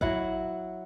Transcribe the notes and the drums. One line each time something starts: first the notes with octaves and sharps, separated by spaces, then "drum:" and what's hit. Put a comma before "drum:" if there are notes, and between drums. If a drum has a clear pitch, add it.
F#3 E4 F#5, drum: kick A1